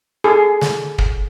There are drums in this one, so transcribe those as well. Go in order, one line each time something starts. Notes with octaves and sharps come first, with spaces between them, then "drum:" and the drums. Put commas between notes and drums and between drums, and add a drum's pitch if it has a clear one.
G#4 A4
drum: snare
drum: kick